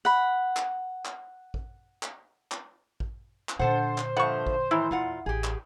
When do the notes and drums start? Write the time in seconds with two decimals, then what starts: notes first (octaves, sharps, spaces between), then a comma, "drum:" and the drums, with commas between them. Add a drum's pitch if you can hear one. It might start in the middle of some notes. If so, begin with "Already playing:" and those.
0.05 F#5 B5
0.57 drum: clap
1.05 drum: clap
1.54 drum: kick A1
2.03 drum: clap
2.52 drum: clap
3.00 drum: kick A1
3.49 drum: clap
3.59 A#2 D3 D4 A4 C5 F#5
3.98 drum: clap
4.17 G2 F3 A3 F#5 C#6
4.47 drum: kick A1
4.71 A2 D#3 E3 E4
4.91 E2 A#2 F4 F#5
5.26 A1 G4 G#4
5.44 drum: clap